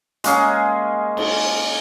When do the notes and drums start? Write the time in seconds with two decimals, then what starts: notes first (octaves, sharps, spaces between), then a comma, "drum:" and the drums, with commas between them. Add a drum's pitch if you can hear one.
0.24 G#3 A#3 C#4 G#4, drum: hi-hat
1.17 drum: cymbal